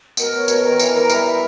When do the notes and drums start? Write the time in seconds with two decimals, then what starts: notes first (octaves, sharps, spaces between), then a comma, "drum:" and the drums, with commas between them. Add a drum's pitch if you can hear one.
0.17 B2 A#4, drum: tambourine
0.33 B2 C#5
0.48 B2 A#4, drum: tambourine
0.63 D#3 A#4
0.79 E3 A#5, drum: tambourine
0.94 E3 A#4
1.09 G3 E5, drum: tambourine
1.26 E5